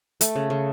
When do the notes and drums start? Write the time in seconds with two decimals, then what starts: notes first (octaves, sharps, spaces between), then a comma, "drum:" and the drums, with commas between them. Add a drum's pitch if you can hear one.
0.21 A3, drum: hi-hat
0.36 C#3
0.50 C#3